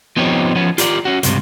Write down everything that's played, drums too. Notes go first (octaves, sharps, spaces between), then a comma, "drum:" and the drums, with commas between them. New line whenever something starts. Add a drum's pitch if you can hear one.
F3 B3 C4 D#4 G4 C#5
F3 B3 C#4
F4 G4 A#4 D5, drum: hi-hat
C#4 F#4
C#2 G2 C3, drum: hi-hat